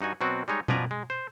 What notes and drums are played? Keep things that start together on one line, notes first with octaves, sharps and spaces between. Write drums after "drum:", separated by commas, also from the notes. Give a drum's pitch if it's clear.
G2 D#4 F#4 G#5
B2 F#3 C4 F#4
G3 G#3 D#4 C#5
B2 F3 B4 D5 G#5 A#5, drum: tom B2
G#3
C5